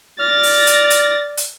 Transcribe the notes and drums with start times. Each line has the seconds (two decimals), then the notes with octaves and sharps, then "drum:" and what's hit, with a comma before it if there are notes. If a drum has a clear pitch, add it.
0.20 D5 F6 A6 A#6
0.43 drum: open hi-hat
0.67 drum: hi-hat
0.90 drum: hi-hat
1.37 drum: hi-hat